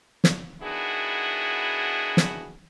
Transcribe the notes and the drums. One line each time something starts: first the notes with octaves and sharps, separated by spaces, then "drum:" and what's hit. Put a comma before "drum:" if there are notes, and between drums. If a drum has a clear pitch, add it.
drum: snare
D#3 B3 D4 E4 F#4 G#4
drum: snare